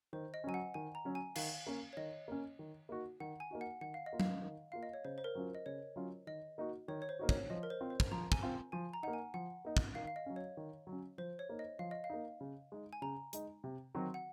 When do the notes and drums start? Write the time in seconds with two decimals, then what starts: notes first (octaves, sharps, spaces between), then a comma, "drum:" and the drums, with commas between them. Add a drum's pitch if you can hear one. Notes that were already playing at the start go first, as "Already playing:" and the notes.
0.13 D#3 C5
0.34 D#5
0.44 F#3 C#4 G#5
0.54 F#5
0.74 D#3 G#5
0.95 A#5
1.05 F#3 C#4
1.15 G#5
1.36 D#3 F5, drum: cymbal
1.67 A#3 C#4
1.93 C#5
1.97 D#3 D#5
2.28 A#3 C#4
2.59 D#3
2.89 A#3 D#4 F#4
3.20 D#3 F#5
3.40 G#5
3.51 A#3 D#4 F#4
3.61 F#5
3.81 D#3 F#5
3.94 F5
4.06 D#5
4.13 A#3 F4
4.20 F5, drum: tom F#3
4.43 D#3
4.72 A#3 F4 F5
4.83 D#5
4.93 C#5
5.05 C#3 C5
5.18 C5
5.24 A#4
5.35 F#3 C#4 F4
5.55 D#5
5.66 C#3 C#5
5.96 F#3 C#4 F4
6.27 D#3 D#5
6.58 A#3 D#4 F#4
6.88 D#3 C#5
7.02 C#5
7.09 C5
7.19 A#3 D#4 F#4
7.29 C#5, drum: kick
7.50 F3 D#5
7.63 A#4
7.70 C5
7.80 C4 F4
7.90 C5
8.00 drum: kick
8.11 F3 A#5
8.32 G#5, drum: kick
8.42 C4 F4
8.72 F3 G#5
8.93 A#5
9.03 A#3 D#4 F#5
9.13 G#5
9.34 F3 F#5
9.65 A#3 D#4
9.77 drum: kick
9.95 D#3 F5
10.07 F5
10.16 D#5
10.26 F#3 C#4
10.36 C#5
10.57 D#3
10.87 F#3
10.92 C#4
11.18 F3 C5
11.39 C#5
11.49 A#3 D#4
11.59 D#5
11.79 F3 F5
11.91 D#5
12.04 F5
12.10 A#3 D#4
12.41 C#3
12.72 G#3 D#4
12.93 G#5
13.02 C#3 A#5
13.33 G#3 D#4, drum: hi-hat
13.64 C3
13.95 D#3 F#3 C4 F#4
14.14 F#5